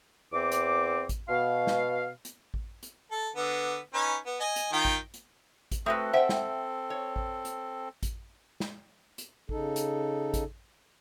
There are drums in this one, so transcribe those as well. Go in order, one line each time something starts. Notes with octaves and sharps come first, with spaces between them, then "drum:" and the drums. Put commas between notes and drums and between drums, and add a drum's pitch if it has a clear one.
E2 C4 D6
drum: hi-hat
drum: kick A1, hi-hat
B2 F5
drum: snare
drum: hi-hat
drum: kick A1
drum: hi-hat
A4
D3 B3
C#4 D#4 B4
B3
D#5 G#5
drum: hi-hat
D#3 F4 G5
drum: kick A1
drum: hi-hat
drum: kick A1, hi-hat
A3 C4 F#4 A4 B4 D#6
C5 E5 F#5 G5
drum: snare
C#5
drum: kick A1
drum: hi-hat
drum: kick A1, hi-hat
drum: snare
drum: hi-hat
C#3 D#4 A4, drum: kick A1
drum: hi-hat
drum: kick A1, hi-hat